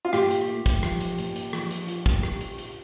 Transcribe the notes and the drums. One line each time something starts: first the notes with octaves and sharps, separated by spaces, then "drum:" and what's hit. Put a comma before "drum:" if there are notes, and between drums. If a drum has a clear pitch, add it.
F4
A#2 G4, drum: rim click
drum: hi-hat
A3
drum: kick, hi-hat
F3, drum: rim click
drum: hi-hat
A#2, drum: hi-hat
drum: hi-hat
F3, drum: rim click
drum: hi-hat
F4, drum: hi-hat
drum: kick
drum: rim click
drum: hi-hat
drum: hi-hat